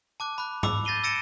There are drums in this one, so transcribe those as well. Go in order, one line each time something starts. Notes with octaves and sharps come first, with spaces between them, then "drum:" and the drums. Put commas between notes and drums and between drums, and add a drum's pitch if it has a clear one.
A5 D6 F#6
B5 F#6
B5 D6 E6, drum: tom G#2
G6 A6 A#6 C7 D#7 G7
E6 A6 A#6 C#7 D7 E7